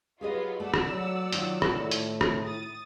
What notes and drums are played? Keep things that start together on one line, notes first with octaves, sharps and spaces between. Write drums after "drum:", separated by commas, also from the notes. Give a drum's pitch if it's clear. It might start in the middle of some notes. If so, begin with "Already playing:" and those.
F#3 B3 F4 G4 G#4 D#5
A3 D5 F#5 E6
drum: rim click
F#3
D#3 F#3 F4, drum: hi-hat
drum: rim click
A2
drum: hi-hat
drum: rim click
D#6 A6